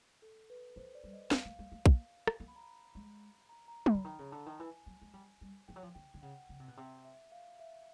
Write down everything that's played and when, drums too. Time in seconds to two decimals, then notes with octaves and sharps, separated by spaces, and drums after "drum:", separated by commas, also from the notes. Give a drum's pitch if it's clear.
0.22 A4
0.50 B4
0.76 E3 C5
0.95 D5
1.04 G3
1.13 D#5
1.31 G#3 F5, drum: snare
1.45 A3
1.59 G#3
1.72 A3
1.86 A#3, drum: kick
2.27 drum: rim click
2.40 B3
2.48 B5
2.56 A#5
2.63 B5
2.95 G#3
3.49 A#5
3.68 A#5
3.86 B5, drum: tom
3.95 D3
4.05 D#3 A#5
4.19 C#3
4.32 D3 A5
4.46 D#3
4.59 E3 G#5
4.86 F#3
5.02 G#3
5.14 G3
5.41 G3
5.68 F3 G5
5.76 F#3
5.83 F3
5.95 D3 G5
6.14 D3
6.22 C#3 F#5
6.49 C#3
6.60 C3
6.68 B2
6.77 C3 E5
7.05 E5
7.32 F5
7.59 E5